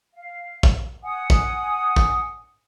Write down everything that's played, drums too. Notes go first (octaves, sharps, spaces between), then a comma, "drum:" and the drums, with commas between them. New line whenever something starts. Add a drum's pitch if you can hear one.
F5
drum: kick
F#5 G#5 D#6
drum: kick
drum: kick